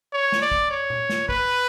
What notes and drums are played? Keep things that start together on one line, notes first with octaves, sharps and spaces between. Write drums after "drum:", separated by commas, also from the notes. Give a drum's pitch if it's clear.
C#5
drum: snare
D5
drum: kick
C#5
drum: tom A#2
drum: snare
B4, drum: kick